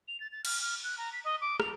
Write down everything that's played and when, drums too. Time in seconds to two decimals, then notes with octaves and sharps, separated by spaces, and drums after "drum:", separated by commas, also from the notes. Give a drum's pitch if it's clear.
0.08 F7
0.20 A6
0.32 A6
0.45 F6, drum: cymbal
0.61 F6
0.84 F#6
0.98 A#5
1.13 B6
1.24 D#5
1.41 D6
1.60 F7, drum: rim click